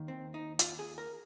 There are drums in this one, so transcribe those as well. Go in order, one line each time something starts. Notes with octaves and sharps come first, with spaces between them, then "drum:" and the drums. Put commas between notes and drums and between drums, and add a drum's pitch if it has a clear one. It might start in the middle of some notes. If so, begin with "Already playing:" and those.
Already playing: D#2 D#3
C4
D#4
F4, drum: hi-hat
G#4
A#4